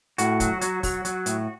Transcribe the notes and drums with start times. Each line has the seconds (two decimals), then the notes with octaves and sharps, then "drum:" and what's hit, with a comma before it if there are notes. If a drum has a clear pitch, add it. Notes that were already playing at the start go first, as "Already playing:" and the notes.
0.18 A2 F#4, drum: hi-hat
0.40 F#3, drum: kick, hi-hat
0.61 F#3, drum: hi-hat
0.83 F#3, drum: kick, open hi-hat
1.05 F#3, drum: hi-hat
1.26 A2, drum: hi-hat